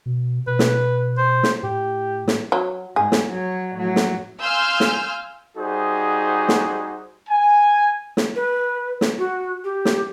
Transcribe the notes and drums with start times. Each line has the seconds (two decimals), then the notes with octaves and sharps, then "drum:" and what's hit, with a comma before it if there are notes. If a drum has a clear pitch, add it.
0.06 B2
0.47 B2 B4
0.59 drum: snare
1.17 C5
1.43 drum: snare
1.63 A2 G4
2.28 drum: snare
2.52 F#3
2.96 G#2 G#4
3.12 drum: snare
3.30 F#3 C#5
3.75 A2 F#3
3.96 drum: snare
4.41 F5 G#5 C6 E6 F6 G6
4.80 drum: snare
5.57 G3 D#4 F#4 G#4 C5
6.49 drum: snare
7.29 G#5
8.17 drum: snare
8.35 B4
9.01 drum: snare
9.18 F#4
9.64 G4
9.85 drum: snare